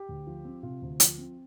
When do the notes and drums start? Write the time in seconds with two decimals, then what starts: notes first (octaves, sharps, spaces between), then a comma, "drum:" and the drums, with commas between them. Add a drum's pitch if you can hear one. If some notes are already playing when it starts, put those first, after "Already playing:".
Already playing: G4
0.09 D2
0.27 F3
0.45 C4
0.63 C3 F4
0.82 D2
1.00 F3, drum: hi-hat
1.18 C4